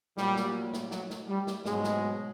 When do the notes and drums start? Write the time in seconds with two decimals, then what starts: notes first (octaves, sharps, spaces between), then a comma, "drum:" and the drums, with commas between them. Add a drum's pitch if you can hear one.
0.17 A#2 F#3 G3, drum: snare
0.36 drum: snare
0.73 drum: snare
0.91 F#3, drum: snare
1.10 drum: snare
1.28 G3
1.47 drum: snare
1.65 G#2 B2 G#3, drum: snare
1.70 F#3
1.84 drum: snare